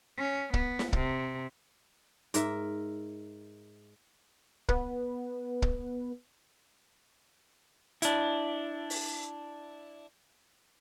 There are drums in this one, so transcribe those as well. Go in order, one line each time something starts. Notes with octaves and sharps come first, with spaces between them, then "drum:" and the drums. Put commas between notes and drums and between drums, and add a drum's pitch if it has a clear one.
C#4
B3, drum: kick
drum: snare
C3, drum: kick
G#2 A#4 E5, drum: hi-hat
B3 B4, drum: kick
drum: kick
D4 E4, drum: hi-hat
drum: open hi-hat